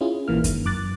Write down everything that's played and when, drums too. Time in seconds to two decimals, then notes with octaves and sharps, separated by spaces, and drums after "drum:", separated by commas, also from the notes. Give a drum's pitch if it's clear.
0.01 C#4 E4 F4 G#4
0.28 A#1 E3 A#3 F6
0.44 D#3, drum: kick F#2, hi-hat
0.65 F#2 D6 F#6 A6